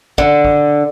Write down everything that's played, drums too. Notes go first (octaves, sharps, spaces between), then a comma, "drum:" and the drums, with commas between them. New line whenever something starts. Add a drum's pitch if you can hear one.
D3, drum: kick
drum: kick